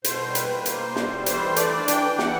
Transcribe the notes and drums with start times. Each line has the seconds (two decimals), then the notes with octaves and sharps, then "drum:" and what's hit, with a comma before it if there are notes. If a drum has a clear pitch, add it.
0.04 B2 C5, drum: hi-hat
0.25 G3
0.35 B4, drum: hi-hat
0.45 A#3
0.66 B2 C5, drum: hi-hat
0.86 B2
0.96 drum: snare
1.05 G3
1.26 E3 C5, drum: hi-hat
1.47 A3
1.56 D5, drum: hi-hat
1.67 D4
1.88 E3 G5, drum: hi-hat
2.09 E3
2.19 F#5, drum: snare